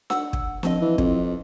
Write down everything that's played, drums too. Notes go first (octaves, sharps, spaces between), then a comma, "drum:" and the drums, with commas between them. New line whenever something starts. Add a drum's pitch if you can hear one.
F#5 E6, drum: snare D4
drum: kick
F3 C4 D#5, drum: snare D4
E3
F2, drum: kick